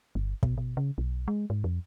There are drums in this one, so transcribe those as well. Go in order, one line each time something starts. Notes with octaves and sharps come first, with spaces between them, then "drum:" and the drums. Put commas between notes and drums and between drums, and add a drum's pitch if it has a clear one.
G1
B2, drum: kick
B2
C#3
B1
G#3
G#2
F2